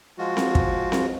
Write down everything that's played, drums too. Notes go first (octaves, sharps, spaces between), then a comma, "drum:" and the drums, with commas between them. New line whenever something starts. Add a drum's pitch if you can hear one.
F3 G#3 F4 F#4
drum: snare C4
drum: kick
drum: snare C4